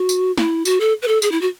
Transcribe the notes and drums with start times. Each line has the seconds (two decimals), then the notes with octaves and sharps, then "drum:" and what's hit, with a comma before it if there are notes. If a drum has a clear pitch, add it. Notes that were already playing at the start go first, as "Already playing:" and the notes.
Already playing: F#4
0.09 drum: tambourine
0.38 E4, drum: snare
0.65 F#4, drum: tambourine
0.80 A4
1.02 B4
1.08 A4
1.22 G#4, drum: tambourine
1.31 E4
1.41 F#4